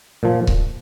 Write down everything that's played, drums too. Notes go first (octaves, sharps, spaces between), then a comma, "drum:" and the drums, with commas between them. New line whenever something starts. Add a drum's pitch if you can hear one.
A#2 F3
drum: kick C#1